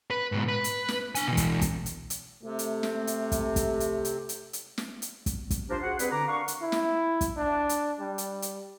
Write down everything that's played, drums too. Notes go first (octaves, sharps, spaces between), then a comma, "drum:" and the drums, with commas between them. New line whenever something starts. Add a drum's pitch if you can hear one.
B4
G#2 B2
B4
drum: hi-hat
drum: snare
D4 G#5, drum: hi-hat
B2 E3
drum: kick, hi-hat
drum: kick, hi-hat
drum: hi-hat
drum: hi-hat
C3 A3
drum: hi-hat
drum: snare
drum: hi-hat
drum: kick, hi-hat
drum: kick, hi-hat
drum: hi-hat
drum: hi-hat
drum: hi-hat
drum: hi-hat
drum: snare
drum: hi-hat
drum: kick, hi-hat
drum: kick, hi-hat
F3 D4 G4 A#4 C5
F#4 G#4 C5 F#5
G3 C4 G#4 B4, drum: hi-hat
D3 A#5 D6
D4 A#4 F5 F#5 C#6
drum: hi-hat
E4
drum: snare
drum: kick, hi-hat
D4
drum: hi-hat
G3
drum: hi-hat
drum: hi-hat